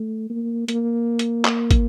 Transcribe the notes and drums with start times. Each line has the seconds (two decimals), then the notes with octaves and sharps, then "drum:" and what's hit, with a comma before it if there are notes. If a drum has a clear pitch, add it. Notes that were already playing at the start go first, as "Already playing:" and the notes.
Already playing: A3
0.30 A#3
0.68 A#3, drum: hi-hat
1.19 drum: hi-hat
1.45 drum: clap
1.71 drum: kick, hi-hat